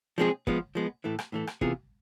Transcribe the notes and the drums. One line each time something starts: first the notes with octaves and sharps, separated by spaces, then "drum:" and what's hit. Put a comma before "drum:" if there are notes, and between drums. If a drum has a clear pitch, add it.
F3 G#3 C4 G#4
F3 G#3 B3, drum: kick
F3 G#3 B3
A2 E3 A3
drum: rim click
A2 E3 A3
drum: rim click
C3 E3 B3 F4 G#4, drum: kick